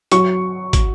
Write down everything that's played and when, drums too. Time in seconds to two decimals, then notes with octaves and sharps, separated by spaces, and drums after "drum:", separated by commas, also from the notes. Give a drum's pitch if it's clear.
0.12 F#3 C#6, drum: hi-hat
0.73 drum: kick, hi-hat